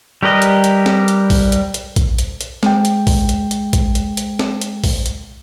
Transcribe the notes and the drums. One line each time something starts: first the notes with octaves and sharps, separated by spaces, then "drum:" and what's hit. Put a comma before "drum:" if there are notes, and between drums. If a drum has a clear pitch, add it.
G3 G4 A#4 B4 D#5
drum: hi-hat
drum: hi-hat
drum: snare
drum: hi-hat
drum: kick, open hi-hat
drum: hi-hat
drum: hi-hat
drum: kick, hi-hat
drum: hi-hat
drum: hi-hat
G#3 G5, drum: snare
drum: hi-hat
drum: kick, open hi-hat
drum: hi-hat
drum: hi-hat
drum: kick, hi-hat
drum: hi-hat
drum: hi-hat
drum: snare
drum: hi-hat
drum: kick, open hi-hat
drum: hi-hat